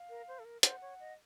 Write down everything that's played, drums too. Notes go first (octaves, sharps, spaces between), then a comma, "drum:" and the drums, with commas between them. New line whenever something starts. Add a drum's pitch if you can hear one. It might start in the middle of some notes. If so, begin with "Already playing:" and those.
Already playing: F5
A#4
C5
A4
A#4
C5 F#5, drum: hi-hat
C#5
D#5